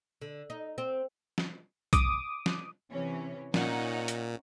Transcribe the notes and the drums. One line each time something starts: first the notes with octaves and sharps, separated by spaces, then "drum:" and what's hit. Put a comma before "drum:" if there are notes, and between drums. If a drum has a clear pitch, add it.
D3
D#4
C4
drum: snare
D6 D#6, drum: kick B1, hi-hat
drum: snare
C3 E3 C#4
A#2 C#4 D#4 F#5, drum: snare
drum: hi-hat